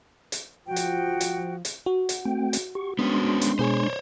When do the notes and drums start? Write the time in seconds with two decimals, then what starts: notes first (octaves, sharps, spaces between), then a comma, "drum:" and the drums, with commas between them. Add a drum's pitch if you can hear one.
0.32 drum: hi-hat
0.67 F3 F#4 G5
0.76 drum: hi-hat
1.21 drum: hi-hat
1.65 drum: hi-hat
1.86 F#4
2.09 drum: hi-hat
2.25 A3 C4 G5
2.53 drum: hi-hat
2.75 G4 C#6
2.99 G#3 B3 C#4 D4 C6
3.41 drum: hi-hat
3.59 B2 G#4 C5 C#5